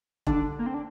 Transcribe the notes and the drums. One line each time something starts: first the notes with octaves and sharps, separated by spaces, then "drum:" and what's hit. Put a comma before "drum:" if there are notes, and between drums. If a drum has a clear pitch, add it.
D3 D4, drum: kick E1
A#3
C4
D4